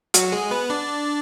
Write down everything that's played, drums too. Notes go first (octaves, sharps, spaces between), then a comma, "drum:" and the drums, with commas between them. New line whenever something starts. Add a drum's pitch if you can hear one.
F#3 F#4, drum: hi-hat
G#3 G#4
B3 B4
D4 D5